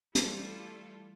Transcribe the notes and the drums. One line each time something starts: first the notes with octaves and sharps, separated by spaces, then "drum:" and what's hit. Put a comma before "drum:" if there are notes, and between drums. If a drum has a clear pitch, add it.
E3 G3 A3 E4 F4 A4, drum: hi-hat